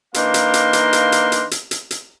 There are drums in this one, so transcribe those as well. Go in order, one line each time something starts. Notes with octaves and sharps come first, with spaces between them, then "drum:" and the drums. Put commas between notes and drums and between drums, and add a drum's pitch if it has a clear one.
E3 A#3 D4 D#4 F5 C6, drum: hi-hat
drum: hi-hat
drum: hi-hat
drum: hi-hat
drum: hi-hat
drum: hi-hat
drum: hi-hat
drum: hi-hat
drum: hi-hat
drum: hi-hat